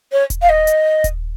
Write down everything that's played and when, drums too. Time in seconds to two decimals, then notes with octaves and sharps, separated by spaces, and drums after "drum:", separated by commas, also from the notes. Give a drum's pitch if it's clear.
0.12 C#5
0.30 drum: kick D#1, hi-hat
0.42 F5
0.49 D#5
0.67 drum: hi-hat
1.04 drum: kick D#1, hi-hat